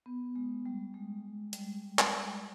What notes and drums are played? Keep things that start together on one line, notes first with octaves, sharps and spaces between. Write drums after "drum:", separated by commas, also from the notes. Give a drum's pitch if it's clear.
B3
G#3
G3
G#3
G3, drum: hi-hat
drum: clap